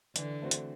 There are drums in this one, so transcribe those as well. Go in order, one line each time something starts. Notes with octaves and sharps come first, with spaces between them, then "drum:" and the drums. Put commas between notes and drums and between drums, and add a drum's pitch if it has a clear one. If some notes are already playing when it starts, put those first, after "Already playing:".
D3 E3, drum: hi-hat
A3 C4 F#4 C5
drum: hi-hat